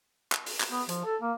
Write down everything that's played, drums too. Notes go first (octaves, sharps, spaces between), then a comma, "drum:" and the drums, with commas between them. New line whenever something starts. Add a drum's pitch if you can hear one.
drum: clap
drum: open hi-hat
drum: clap
B3
F3, drum: hi-hat
A4
A#3